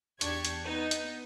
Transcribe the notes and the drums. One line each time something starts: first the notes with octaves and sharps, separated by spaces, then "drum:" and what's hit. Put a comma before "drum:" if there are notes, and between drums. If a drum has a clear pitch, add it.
E2 D4 G4 C#6 G#6, drum: hi-hat
drum: hi-hat
B3 D#4
drum: hi-hat